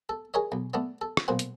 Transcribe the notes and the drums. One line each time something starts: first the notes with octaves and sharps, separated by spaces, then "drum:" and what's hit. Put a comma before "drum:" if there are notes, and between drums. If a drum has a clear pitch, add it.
A4
G#4 A#4 C#5 D#5
B1
A3 B3 D5
A4
drum: rim click
B1 A#2 C5 F#5
drum: hi-hat